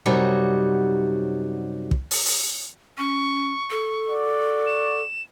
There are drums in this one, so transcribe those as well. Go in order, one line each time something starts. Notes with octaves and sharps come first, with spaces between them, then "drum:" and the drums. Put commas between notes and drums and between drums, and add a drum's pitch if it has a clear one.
F#2 C3 G3 D#4 F#4 C#5
drum: kick
drum: open hi-hat
drum: open hi-hat
C#4 C#6
A4
F#4 D5
E7